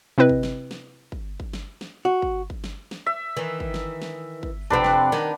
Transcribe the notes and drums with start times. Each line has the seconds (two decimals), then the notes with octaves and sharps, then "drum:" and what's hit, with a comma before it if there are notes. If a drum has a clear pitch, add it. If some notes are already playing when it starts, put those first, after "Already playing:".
0.18 C3 C4 E4 B4 D#5
0.29 drum: kick
0.43 drum: snare
0.71 drum: snare
1.12 drum: kick
1.40 drum: kick
1.53 drum: snare
1.81 drum: snare
2.05 F#4
2.22 drum: kick
2.50 drum: kick
2.64 drum: snare
2.91 drum: snare
3.06 E5
3.37 D#3 E3
3.60 drum: kick
3.74 drum: snare
4.02 drum: snare
4.43 drum: kick
4.70 F2 C3 C4 D4 B4 F#5, drum: kick
4.84 drum: snare
5.12 D#3, drum: snare